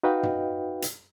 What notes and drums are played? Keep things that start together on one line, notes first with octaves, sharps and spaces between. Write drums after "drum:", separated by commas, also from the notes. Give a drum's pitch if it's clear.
D#4 F#4 B4 D#5 F5 G5
drum: tom
drum: hi-hat